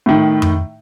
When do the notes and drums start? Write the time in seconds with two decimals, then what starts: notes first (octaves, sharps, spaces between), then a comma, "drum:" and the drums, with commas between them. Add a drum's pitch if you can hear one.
0.06 A2 D#3
0.42 drum: tom F2